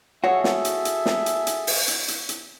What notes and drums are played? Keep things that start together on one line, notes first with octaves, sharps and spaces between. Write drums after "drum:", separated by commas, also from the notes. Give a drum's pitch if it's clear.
F#4 G#4 A4 C#5 E5 F#5
drum: snare
drum: hi-hat
drum: hi-hat
drum: snare
drum: hi-hat
drum: hi-hat
drum: open hi-hat
drum: hi-hat
drum: hi-hat
drum: hi-hat